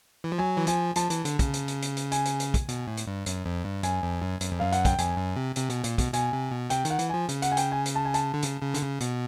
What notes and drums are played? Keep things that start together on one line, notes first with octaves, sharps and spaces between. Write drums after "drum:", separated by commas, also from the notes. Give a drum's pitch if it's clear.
E3
F3
F#3 G#5
E3
F3 G#5, drum: hi-hat
F3 A5, drum: hi-hat
E3, drum: hi-hat
D3, drum: hi-hat
C#3, drum: kick, hi-hat
drum: hi-hat
drum: hi-hat
drum: hi-hat
drum: hi-hat
G#5, drum: hi-hat
drum: hi-hat
drum: hi-hat
drum: kick, hi-hat
B2, drum: hi-hat
A2
drum: hi-hat
G2
F#2, drum: hi-hat
F2
G2
F#2 G#5, drum: hi-hat
F2
F#2
F#2, drum: hi-hat
F2
F#2 F5
F#5, drum: hi-hat
G5, drum: kick, hi-hat
F2 G#5, drum: hi-hat
F#2
C3
C3, drum: hi-hat
B2, drum: hi-hat
A#2, drum: hi-hat
B2, drum: kick, hi-hat
B2 G#5, drum: hi-hat
C3
B2
C3 G5, drum: hi-hat
D#3, drum: hi-hat
F#5
E3, drum: hi-hat
F3 G#5
C#3, drum: hi-hat
F#5, drum: hi-hat
G#5
G5, drum: hi-hat
G#5
drum: hi-hat
A5
G#5
A5, drum: hi-hat
D3
C#3, drum: hi-hat
C#3
D3, drum: hi-hat
C#3
B2, drum: hi-hat